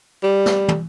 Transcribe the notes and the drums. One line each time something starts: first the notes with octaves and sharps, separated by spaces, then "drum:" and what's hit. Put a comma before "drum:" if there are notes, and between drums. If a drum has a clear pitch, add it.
G3
drum: snare
drum: tom